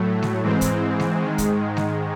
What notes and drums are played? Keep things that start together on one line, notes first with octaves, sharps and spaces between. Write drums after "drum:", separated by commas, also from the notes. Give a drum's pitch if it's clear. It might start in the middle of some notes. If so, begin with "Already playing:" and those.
Already playing: A2 F#3 A3
drum: snare G#3
G#2 E3 G#3 C4
drum: kick, hi-hat
drum: snare G#3
G#2 D#3 G#3
drum: kick, hi-hat
drum: snare G#3